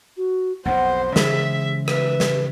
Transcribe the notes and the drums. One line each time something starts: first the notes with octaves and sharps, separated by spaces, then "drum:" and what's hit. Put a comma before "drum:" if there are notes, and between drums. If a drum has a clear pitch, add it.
F#4
B1 F2 B2 C5 F#5
C#3 E3 G#3 G#4 E5, drum: snare
B4 E5, drum: rim click
drum: snare